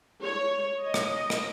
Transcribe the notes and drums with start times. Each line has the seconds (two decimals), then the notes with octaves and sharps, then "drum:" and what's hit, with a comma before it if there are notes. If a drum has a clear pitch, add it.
0.22 C#5
0.79 D#5
0.94 drum: rim click
1.30 drum: rim click